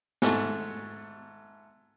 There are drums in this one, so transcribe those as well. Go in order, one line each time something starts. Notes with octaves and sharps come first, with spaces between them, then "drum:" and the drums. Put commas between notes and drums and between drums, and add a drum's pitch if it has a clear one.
G#2 A3, drum: snare